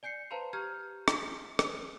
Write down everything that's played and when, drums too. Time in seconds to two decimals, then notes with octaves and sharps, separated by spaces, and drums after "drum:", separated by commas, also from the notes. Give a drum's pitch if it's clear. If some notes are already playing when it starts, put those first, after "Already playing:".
0.03 D5 G#5 G6 C7 C#7
0.31 B4 C5 F5 A5 A#5 C6
0.53 G4 A#5 F6 G6 G#6
1.08 drum: rim click
1.59 drum: rim click